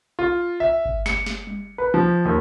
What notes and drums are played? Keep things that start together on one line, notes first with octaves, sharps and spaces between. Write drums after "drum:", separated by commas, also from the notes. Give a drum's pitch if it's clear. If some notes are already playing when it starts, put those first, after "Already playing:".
F4
E5
drum: kick G1
C#7, drum: snare
drum: snare
drum: tom G3
B4
F3
D#2